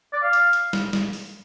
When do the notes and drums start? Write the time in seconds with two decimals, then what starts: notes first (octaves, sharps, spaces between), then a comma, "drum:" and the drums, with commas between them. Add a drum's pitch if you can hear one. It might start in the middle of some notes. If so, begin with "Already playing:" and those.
0.13 D5
0.23 F5
0.33 drum: hi-hat
0.53 drum: hi-hat
0.73 drum: snare
0.93 drum: snare
1.13 drum: open hi-hat